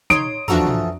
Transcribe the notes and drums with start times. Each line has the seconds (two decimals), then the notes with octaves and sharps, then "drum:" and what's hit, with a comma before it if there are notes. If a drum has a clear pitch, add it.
0.10 D#4 C#5 C6 D#6 D7, drum: tom
0.48 E3 F3 D4 F#4 A4 A#5, drum: tom
0.67 drum: tom